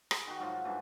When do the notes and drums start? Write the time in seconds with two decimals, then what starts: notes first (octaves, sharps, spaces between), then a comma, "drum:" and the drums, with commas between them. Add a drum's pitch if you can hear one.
0.11 G#4, drum: rim click
0.27 D#3 F#4
0.40 G#2 F3 F#3 F4
0.64 G2 E3 A3